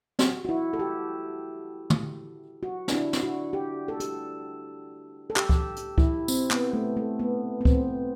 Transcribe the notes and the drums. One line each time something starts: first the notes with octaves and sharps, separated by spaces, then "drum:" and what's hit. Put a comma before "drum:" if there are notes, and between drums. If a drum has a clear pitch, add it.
F#4, drum: snare
F#4
E4
A4
G4
drum: tom
F#4
D4, drum: snare
E4
drum: snare
F#4
G4
A4
G4, drum: hi-hat
A4
G4, drum: clap
drum: kick C#2
drum: hi-hat
E4, drum: kick C#2
C4, drum: tambourine
B3, drum: clap
A3
A3
B3
B3
C4, drum: kick C#2